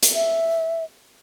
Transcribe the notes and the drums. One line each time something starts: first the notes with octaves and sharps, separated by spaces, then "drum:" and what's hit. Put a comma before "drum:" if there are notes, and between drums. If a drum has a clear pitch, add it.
drum: hi-hat
E5